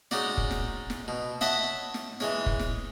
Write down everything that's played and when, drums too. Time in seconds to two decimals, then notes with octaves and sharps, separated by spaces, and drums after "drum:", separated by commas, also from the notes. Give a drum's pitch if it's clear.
0.11 G#3 C#4 D#4 F#4 D5, drum: snare
0.38 drum: kick F1
0.51 drum: snare
0.90 drum: snare
1.08 B2
1.41 C#5 D#5 E5 F#5 A5 B5, drum: snare
1.94 drum: snare
2.20 E3 G#3 C#5, drum: snare
2.46 drum: kick F1
2.59 drum: snare